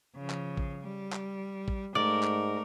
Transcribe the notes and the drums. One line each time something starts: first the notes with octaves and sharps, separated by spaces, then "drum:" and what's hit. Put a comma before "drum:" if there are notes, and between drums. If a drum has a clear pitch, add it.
C#3 F3
drum: clap
drum: kick A1
G3
drum: clap
drum: kick A1
G#2 A3 A#4 D5
drum: clap